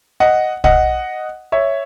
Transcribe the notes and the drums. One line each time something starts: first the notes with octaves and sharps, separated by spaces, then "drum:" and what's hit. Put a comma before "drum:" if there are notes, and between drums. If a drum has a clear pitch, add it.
D#5 F#5
D#5 F#5, drum: kick
C#5 E5